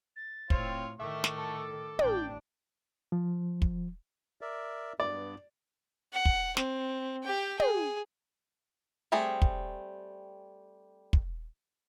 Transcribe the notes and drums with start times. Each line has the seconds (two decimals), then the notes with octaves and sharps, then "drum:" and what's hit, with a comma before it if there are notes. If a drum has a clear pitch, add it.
0.16 A6
0.50 A2 C4 F4 C#5, drum: kick
1.00 A2 D#3 A3 E5 C#6 D6
1.24 drum: snare
1.38 A4
1.99 A1 D4 D5 G5, drum: tom
3.12 F3
3.62 drum: kick
4.41 A#4 D5 E5
5.00 G2 B3 D5
6.13 F#5
6.25 drum: kick
6.57 C4, drum: snare
7.24 G4 G5
7.60 G#4, drum: tom
9.12 G3 A3 C4 G#4
9.42 drum: kick
11.13 drum: kick